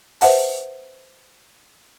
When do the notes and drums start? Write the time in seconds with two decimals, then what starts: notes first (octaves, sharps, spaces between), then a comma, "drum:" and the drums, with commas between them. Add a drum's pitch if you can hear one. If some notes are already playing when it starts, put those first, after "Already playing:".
0.21 B4 C5 E5 F#5 A5, drum: open hi-hat